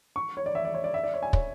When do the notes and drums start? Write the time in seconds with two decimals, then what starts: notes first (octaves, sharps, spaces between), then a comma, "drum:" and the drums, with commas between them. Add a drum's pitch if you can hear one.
0.16 C#6
0.37 C#5
0.46 D5
0.55 E5
0.65 D5
0.74 C#5
0.84 D5
0.94 E5
1.04 D5
1.14 C#5
1.23 G#5
1.33 C#5, drum: kick